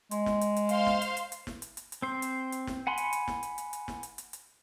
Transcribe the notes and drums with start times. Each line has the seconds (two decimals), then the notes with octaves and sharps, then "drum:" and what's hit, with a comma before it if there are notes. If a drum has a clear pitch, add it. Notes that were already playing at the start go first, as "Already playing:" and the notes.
0.11 G#3, drum: hi-hat
0.26 drum: snare
0.41 drum: hi-hat
0.56 drum: hi-hat
0.69 C5 F5 C6, drum: hi-hat
0.87 drum: snare
1.02 drum: hi-hat
1.17 drum: hi-hat
1.32 drum: hi-hat
1.47 drum: snare
1.62 drum: hi-hat
1.77 drum: hi-hat
1.92 drum: hi-hat
2.02 C4 C5
2.22 drum: hi-hat
2.52 drum: hi-hat
2.67 drum: snare
2.87 F#5 G#5 B5 C6
2.98 drum: hi-hat
3.13 drum: hi-hat
3.28 drum: snare
3.43 drum: hi-hat
3.58 drum: hi-hat
3.73 drum: hi-hat
3.88 drum: snare
4.03 drum: hi-hat
4.18 drum: hi-hat
4.33 drum: hi-hat